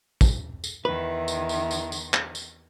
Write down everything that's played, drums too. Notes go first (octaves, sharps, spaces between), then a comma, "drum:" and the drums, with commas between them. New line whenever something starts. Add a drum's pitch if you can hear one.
drum: kick, tambourine
drum: tambourine
E2 D#3 E4 B4 E5
drum: tambourine
drum: tambourine
drum: tambourine
drum: tambourine
drum: clap
drum: tambourine